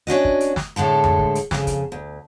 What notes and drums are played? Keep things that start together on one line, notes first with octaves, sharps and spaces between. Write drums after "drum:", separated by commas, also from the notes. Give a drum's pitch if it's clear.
C#4 D4 F#4 D#5
drum: kick
drum: hi-hat
drum: snare
A2 D3 G#3 A4
drum: tom F2
drum: kick
drum: hi-hat
F2 C#3, drum: snare
drum: kick, hi-hat
D2